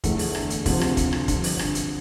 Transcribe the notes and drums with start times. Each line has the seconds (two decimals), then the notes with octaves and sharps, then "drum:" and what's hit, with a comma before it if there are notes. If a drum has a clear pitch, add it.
0.04 E2 D3 A3, drum: kick, hi-hat
0.19 drum: open hi-hat
0.35 drum: rim click
0.50 drum: hi-hat
0.66 D2 C3 F3, drum: kick, open hi-hat
0.81 drum: rim click
0.97 drum: kick, hi-hat
1.13 drum: rim click
1.28 G2 D3 F3, drum: kick, hi-hat
1.44 drum: open hi-hat
1.59 drum: rim click
1.75 drum: hi-hat